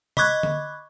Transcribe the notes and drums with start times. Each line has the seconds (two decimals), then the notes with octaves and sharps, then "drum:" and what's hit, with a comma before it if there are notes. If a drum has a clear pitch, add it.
0.17 D#5 B5 C#6 D6 F#6 G#6, drum: tom
0.43 drum: tom D3